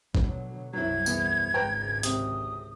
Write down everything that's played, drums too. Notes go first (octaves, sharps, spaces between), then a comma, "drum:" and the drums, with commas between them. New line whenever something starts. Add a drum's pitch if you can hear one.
B2 D3 F#3, drum: kick A1
C2 F#2 F#3 E4 G#6
E2, drum: tambourine
G#1 C#2 B4 G5 A#5
C3 D#6, drum: hi-hat